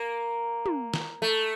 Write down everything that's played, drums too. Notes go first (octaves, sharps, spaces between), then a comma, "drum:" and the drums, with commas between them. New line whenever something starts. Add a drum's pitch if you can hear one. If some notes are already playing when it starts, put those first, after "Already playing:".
Already playing: A#3
drum: tom
drum: snare
A3